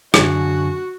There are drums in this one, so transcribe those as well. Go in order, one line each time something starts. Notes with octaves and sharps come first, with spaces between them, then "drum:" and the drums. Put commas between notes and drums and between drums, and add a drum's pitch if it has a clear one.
F#2 D3 F#4 G#4, drum: rim click